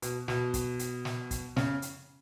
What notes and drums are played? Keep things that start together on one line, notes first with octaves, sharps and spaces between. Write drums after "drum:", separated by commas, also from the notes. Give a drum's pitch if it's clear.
B2, drum: hi-hat
B2, drum: snare
drum: kick, hi-hat
drum: hi-hat
drum: snare
drum: kick, hi-hat
C#3, drum: snare
drum: hi-hat